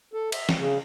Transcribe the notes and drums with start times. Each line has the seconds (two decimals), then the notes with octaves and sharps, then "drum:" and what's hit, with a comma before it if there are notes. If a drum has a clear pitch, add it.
0.13 A4
0.32 E5, drum: cymbal
0.49 drum: snare
0.58 C#3